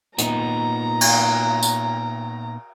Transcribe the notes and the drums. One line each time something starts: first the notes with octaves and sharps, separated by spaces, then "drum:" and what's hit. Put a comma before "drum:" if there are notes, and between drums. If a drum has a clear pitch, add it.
A#2 B3 D#4 A#5, drum: hi-hat
drum: cymbal
drum: tambourine